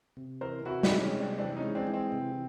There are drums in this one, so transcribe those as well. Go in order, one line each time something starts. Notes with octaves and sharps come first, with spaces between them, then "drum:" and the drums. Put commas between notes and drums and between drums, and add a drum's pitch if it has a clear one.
C3
E3 A#4 C5
C3 E4 F#4
D4 E4, drum: snare
G#3
C#4
C3
C4 D4
E3 C4 D4
C#4 D#4
G#3
C4 D4
E3
C4
C3